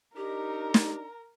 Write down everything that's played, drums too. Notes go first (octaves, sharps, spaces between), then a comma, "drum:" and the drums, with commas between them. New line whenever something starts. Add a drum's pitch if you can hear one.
D4 D#4 G4 A#4 A#5
drum: snare